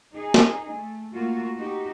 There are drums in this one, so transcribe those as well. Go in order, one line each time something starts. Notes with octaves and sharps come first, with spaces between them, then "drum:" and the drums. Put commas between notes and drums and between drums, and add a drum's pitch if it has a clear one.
D#4 G#4
drum: snare
A3
A3 A#3 F4 F#4
D#4 F#4 G4